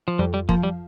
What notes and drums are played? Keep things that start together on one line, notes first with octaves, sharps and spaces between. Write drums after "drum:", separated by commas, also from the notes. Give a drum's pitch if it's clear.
F3
F2 G3
G3
F3 A#3, drum: kick
G3